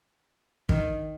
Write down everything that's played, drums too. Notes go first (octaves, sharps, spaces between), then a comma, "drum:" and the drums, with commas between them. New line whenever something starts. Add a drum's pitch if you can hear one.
D#3, drum: kick